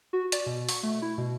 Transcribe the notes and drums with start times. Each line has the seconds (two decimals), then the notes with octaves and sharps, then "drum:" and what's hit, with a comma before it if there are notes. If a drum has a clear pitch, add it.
0.13 F#4
0.32 D5, drum: hi-hat
0.46 B2
0.69 C#6, drum: open hi-hat
0.83 A3
1.02 E4
1.18 B2